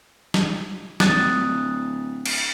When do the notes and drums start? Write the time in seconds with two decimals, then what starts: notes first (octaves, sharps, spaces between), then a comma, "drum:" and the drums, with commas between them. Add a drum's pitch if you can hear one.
0.34 drum: snare
1.00 D1 D#6 F#6 A6, drum: snare
2.26 drum: cymbal